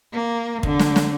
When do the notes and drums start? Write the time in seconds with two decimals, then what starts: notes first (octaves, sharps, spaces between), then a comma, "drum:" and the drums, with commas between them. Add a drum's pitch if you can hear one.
0.13 A#3
0.63 D3, drum: kick
0.79 drum: snare
0.96 drum: snare